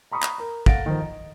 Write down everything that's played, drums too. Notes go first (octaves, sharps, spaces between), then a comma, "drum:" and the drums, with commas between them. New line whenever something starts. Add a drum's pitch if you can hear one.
A#5 B5 C#6 D#6
drum: clap
A#4 A#5
A4 F5 F#5 A6 A#6 D7, drum: kick
D#3 F3
D#5